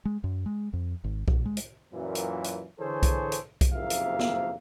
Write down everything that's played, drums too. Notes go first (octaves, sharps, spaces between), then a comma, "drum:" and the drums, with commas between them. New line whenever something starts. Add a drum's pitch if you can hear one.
G#3
F#2
G#3
F2
G#1
A#1, drum: kick B1
G#3
drum: hi-hat
F#2 A#2 E3
drum: hi-hat
drum: hi-hat
D3 E3 G#4 A4 C5 C#5
drum: kick B1, hi-hat
drum: hi-hat
drum: kick B1, hi-hat
F#1 F2 C3 A#3 E5 F5
drum: hi-hat
drum: snare B3